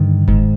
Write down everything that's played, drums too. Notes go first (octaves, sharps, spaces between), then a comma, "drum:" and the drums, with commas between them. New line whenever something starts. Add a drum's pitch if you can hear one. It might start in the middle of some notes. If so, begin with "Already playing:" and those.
Already playing: G2 D3 D#3
G#2, drum: kick F#1